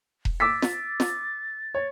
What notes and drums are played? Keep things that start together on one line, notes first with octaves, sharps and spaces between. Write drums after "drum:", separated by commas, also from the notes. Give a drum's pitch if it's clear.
drum: kick E1
D6 E6 A6 B6
drum: snare
drum: snare
C#5